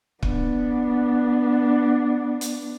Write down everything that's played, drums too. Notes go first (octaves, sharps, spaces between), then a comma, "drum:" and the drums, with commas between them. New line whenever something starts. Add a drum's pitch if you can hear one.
B3 D4, drum: kick
drum: hi-hat